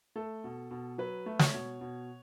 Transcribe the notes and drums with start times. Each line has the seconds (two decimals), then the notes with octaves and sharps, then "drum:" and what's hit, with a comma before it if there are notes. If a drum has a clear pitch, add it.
0.16 A3 A4
0.44 B2
0.71 B2
0.98 F#3 B4
1.26 A3
1.39 C#5, drum: snare
1.53 B2
1.81 B2